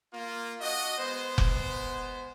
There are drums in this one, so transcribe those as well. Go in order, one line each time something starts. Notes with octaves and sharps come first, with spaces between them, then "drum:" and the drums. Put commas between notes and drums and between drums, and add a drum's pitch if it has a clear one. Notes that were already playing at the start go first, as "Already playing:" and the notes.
A#3 F4
D4 F#4 D#5
G#3 B3 C5
drum: kick F1